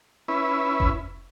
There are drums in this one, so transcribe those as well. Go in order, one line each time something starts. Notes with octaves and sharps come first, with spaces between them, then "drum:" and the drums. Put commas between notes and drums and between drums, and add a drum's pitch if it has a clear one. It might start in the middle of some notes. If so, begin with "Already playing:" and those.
C#4 E4 B4
drum: kick F1